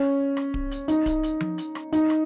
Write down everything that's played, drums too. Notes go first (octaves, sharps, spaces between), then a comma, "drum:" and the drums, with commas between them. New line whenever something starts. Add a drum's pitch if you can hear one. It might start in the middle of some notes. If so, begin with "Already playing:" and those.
Already playing: C#4
drum: rim click
drum: kick D1
drum: hi-hat
D#4, drum: hi-hat
drum: kick D1, hi-hat
drum: hi-hat
drum: tom F3
drum: hi-hat
drum: rim click
D#4, drum: hi-hat
drum: rim click